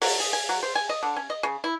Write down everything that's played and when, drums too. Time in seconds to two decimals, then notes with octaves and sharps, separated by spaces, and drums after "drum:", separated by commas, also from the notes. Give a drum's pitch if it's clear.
0.01 F#3, drum: open hi-hat
0.20 G#4
0.33 G#5
0.49 F#3
0.63 C5
0.75 G#5
0.89 D#5
1.03 D3
1.16 C#4
1.30 D#5
1.43 C#3
1.64 E4